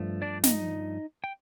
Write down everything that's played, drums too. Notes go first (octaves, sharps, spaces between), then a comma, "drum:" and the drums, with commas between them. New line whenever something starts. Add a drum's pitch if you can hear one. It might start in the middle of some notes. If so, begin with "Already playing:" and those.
Already playing: G2 F3 A3
D4 D5
D#4 D#5, drum: snare
G5